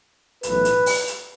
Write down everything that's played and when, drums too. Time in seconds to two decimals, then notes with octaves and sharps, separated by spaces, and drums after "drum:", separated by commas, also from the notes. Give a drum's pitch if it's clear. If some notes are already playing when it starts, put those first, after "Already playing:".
0.43 B1 A2 E3 B4, drum: hi-hat
0.65 drum: hi-hat
0.86 drum: open hi-hat
1.08 drum: hi-hat